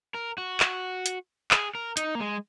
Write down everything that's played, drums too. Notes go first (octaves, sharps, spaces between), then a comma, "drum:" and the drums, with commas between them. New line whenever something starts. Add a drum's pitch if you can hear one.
A#4
F#4
drum: clap
drum: hi-hat
G#4, drum: clap
A#4
D#4, drum: hi-hat
A#3
G#3